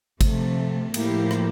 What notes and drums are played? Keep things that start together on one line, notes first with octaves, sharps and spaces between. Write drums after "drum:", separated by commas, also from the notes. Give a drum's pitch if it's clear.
C3 F3 A3, drum: kick G#1, cymbal
A2 F3 A#3 E4 G4, drum: cymbal
drum: rim click